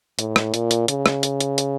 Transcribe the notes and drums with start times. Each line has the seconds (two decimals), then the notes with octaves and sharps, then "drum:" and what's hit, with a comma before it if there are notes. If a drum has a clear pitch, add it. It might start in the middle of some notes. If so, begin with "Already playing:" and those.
0.19 A2, drum: hi-hat
0.36 drum: rim click
0.54 A#2, drum: hi-hat
0.71 drum: hi-hat
0.88 C#3, drum: hi-hat
1.06 drum: rim click
1.23 drum: hi-hat
1.40 drum: hi-hat
1.58 drum: hi-hat